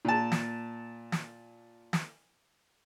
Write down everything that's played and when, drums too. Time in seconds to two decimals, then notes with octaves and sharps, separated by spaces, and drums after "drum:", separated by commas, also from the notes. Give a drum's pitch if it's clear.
0.05 A#2 A5
0.32 drum: snare
1.12 drum: snare
1.93 drum: snare